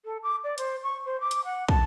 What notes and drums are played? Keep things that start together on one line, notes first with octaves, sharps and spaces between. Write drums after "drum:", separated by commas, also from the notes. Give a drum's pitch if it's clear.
A4
D6
D5
C5, drum: hi-hat
C#6
C5
D6
drum: hi-hat
F#5
A5, drum: kick